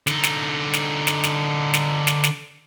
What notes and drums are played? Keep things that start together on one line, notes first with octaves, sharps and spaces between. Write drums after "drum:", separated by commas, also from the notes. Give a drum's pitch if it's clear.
D3 D#4, drum: snare
drum: snare
drum: snare
drum: snare
drum: snare
drum: snare
drum: snare
drum: snare